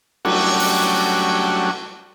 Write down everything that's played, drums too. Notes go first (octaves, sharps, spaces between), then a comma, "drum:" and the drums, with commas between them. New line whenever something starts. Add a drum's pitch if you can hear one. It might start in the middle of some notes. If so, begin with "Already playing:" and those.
F#3 G3 A3 C#4 D4 F#4, drum: cymbal
drum: open hi-hat